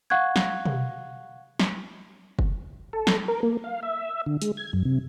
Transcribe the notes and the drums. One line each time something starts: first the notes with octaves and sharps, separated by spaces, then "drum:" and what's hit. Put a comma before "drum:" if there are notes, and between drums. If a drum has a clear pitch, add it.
F5 F#5 C#6 F#6 G#6
drum: snare
drum: tom B2
drum: snare
drum: kick F#1
A4
drum: snare
A#4
A#3
F5
E5
D3
G#3, drum: hi-hat
G#6
F#2
C3